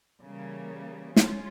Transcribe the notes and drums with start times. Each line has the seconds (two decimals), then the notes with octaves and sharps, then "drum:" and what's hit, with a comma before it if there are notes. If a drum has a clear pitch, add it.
0.24 C#3 E3 G3 A#3
1.16 G#3 C#4 F4, drum: snare